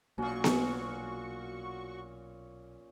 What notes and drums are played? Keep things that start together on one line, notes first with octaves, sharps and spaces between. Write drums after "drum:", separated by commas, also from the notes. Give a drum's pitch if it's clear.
B1 A#2 A#3 C#4 F#4 C#6
drum: snare B3